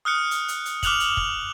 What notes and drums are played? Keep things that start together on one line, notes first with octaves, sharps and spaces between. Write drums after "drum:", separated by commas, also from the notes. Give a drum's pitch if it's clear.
D#6 F6 F#6 C#7
drum: hi-hat
drum: hi-hat
drum: hi-hat
D6 F6 F#6 F7 F#7, drum: kick, hi-hat
drum: hi-hat
drum: kick